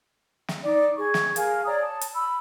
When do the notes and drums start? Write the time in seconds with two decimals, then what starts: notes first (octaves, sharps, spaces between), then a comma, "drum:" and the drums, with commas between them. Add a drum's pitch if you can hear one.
0.48 drum: snare
0.64 D#4 D5 D6
0.97 G#4 C#6
1.14 drum: snare
1.36 G#4 A#4 F5 G#5, drum: hi-hat
1.65 C#5 D5 A#5 D#6
1.83 A5
2.01 drum: hi-hat
2.15 B5 E6